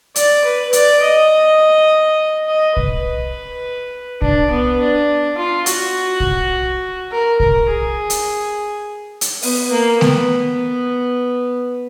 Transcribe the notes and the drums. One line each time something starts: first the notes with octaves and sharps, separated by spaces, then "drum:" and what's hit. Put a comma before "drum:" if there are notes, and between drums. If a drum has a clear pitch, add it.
D5, drum: hi-hat
B4
D5, drum: hi-hat
D#5
D#5
B4, drum: kick B1
D4, drum: kick B1
B3
D4
F4
F#4, drum: hi-hat
drum: kick B1
A#4
A#4, drum: kick B1
G#4
drum: hi-hat
drum: hi-hat
B3, drum: open hi-hat
A#3
B3, drum: snare A3